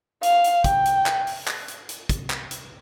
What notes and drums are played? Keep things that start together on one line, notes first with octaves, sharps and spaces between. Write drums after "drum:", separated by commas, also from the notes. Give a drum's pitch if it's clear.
F5, drum: hi-hat
drum: hi-hat
G5, drum: kick, hi-hat
drum: hi-hat
drum: clap
drum: open hi-hat
drum: clap
drum: hi-hat
drum: hi-hat
drum: kick, hi-hat
drum: clap
drum: hi-hat